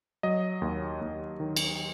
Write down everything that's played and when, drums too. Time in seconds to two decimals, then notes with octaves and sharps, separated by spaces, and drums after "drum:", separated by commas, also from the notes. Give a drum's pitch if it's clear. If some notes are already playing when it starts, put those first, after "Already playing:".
0.23 F#3 D#5
0.62 D#2
1.01 D#2
1.40 D#3
1.56 drum: cymbal